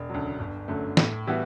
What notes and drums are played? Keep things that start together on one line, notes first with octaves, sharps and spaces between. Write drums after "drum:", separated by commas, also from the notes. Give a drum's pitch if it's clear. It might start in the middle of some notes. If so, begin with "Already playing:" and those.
Already playing: E1
D2 C#3 F#3
G1
F#2 D3 F#3 A3
A2, drum: snare
E3 G3 B3 F#4